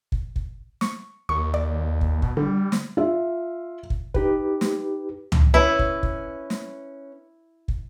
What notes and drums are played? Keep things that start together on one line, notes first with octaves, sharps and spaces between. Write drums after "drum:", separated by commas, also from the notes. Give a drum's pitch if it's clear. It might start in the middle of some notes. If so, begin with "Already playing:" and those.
drum: kick
drum: kick
C#6, drum: snare
D#2 C#6
D5
drum: kick
B2, drum: kick
D3 G3
drum: snare
F4 E5
drum: kick
D#4 G4 B4, drum: kick
drum: snare
drum: tom C#2
C#4 E4 B4
drum: kick
drum: kick
drum: snare
drum: kick